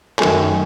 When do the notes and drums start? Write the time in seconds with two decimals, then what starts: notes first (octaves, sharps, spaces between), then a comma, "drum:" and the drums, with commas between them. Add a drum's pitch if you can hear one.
0.19 F#2 D#3 F#3 A3 G#5, drum: clap